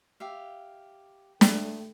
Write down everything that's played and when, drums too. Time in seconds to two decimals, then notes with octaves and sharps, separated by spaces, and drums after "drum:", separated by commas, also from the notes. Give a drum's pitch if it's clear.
0.20 G4 E5 F5
1.41 A3 G5 D#6, drum: snare